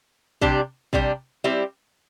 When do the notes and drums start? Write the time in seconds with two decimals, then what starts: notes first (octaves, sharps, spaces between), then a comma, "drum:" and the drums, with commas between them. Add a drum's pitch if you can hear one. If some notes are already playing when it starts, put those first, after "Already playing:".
0.41 C3 G3 D4 G4, drum: kick
0.93 C3 G3 D4 G4, drum: kick
1.44 G3 C4 E4 G4